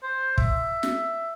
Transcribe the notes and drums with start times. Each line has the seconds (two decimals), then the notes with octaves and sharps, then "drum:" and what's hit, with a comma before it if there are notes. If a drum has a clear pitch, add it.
0.03 C5
0.38 E5, drum: kick
0.83 drum: snare